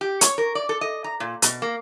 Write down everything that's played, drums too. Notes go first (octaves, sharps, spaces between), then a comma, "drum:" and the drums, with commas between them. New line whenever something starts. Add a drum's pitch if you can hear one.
G4
C#5, drum: hi-hat
A#4
D5
A4
D#5
A#5
A#2
B2, drum: hi-hat
A#3